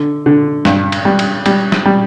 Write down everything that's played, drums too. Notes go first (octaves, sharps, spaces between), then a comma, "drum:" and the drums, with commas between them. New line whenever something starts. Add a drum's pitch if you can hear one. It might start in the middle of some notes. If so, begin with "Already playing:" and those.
Already playing: D3
D3
G2, drum: snare
drum: cymbal
G3
drum: cymbal
G3, drum: cymbal
drum: snare
G3